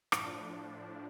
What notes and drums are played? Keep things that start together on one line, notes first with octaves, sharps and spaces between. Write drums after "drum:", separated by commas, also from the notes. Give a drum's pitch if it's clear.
A2 F3 D4, drum: rim click